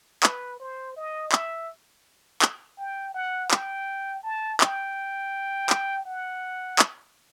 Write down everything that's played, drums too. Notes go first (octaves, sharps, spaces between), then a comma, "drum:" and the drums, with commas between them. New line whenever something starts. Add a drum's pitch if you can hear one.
B4, drum: clap
C5
D#5
E5, drum: clap
drum: clap
G5
F#5
G5, drum: clap
A5
G5, drum: clap
drum: clap
F#5
drum: clap